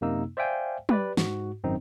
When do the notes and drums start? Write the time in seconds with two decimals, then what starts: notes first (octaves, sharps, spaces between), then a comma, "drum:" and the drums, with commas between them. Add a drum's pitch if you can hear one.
0.01 F#2 C3 A#3 D#4 E6
0.37 C5 D5 E5 F5 G5 G#5
0.89 G4 B4 D5, drum: tom
1.17 G#2 F#4, drum: snare
1.64 G#1 F#2 C4 D#4